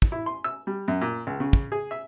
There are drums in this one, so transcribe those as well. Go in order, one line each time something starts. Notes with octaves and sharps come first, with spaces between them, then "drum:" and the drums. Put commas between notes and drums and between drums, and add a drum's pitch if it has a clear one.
drum: kick
E4
C6
E6
G3
F#2
A#2
C#2
C#3
drum: kick
G#4
E5